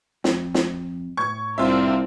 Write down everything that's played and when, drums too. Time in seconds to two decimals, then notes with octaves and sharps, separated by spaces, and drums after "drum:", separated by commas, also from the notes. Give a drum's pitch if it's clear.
0.24 F2, drum: snare
0.54 drum: snare
1.17 A2 C#6 G#6
1.58 C2 C4 D4 F4 A#4 C5 E5